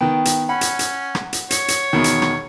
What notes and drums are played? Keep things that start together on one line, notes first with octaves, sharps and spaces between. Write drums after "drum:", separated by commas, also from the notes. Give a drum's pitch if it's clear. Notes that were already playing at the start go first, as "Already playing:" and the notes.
D#3 B3 G5
drum: hi-hat
C#4 F#5 B5
drum: hi-hat
drum: hi-hat
drum: rim click
drum: hi-hat
C#5, drum: hi-hat
drum: hi-hat
E2 B2 D#3
drum: hi-hat
drum: rim click